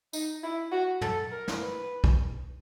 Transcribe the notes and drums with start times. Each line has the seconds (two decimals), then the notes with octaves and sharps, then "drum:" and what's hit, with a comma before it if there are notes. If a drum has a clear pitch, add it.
0.13 D#4, drum: tambourine
0.43 E4
0.72 F#4
1.01 A4, drum: tom
1.31 A#4
1.48 drum: snare
1.60 B4
2.04 drum: kick